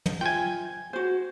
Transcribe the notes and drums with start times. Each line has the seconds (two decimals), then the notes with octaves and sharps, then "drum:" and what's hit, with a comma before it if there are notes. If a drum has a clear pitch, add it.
0.06 drum: tom
0.21 F4 C5 E5 G5 G#5
0.93 F#4 C5